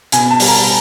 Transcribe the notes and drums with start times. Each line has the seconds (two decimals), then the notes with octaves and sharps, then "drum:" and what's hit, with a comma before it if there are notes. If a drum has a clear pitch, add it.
0.12 B2 G#5, drum: hi-hat
0.30 A5
0.40 G3, drum: open hi-hat
0.48 A#5